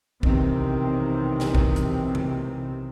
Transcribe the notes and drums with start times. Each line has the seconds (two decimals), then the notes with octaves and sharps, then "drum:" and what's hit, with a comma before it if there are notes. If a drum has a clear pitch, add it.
0.23 B1 C3 D#3 E3 C4, drum: kick
1.40 drum: snare
1.55 drum: kick
1.76 drum: hi-hat
2.15 drum: tom C3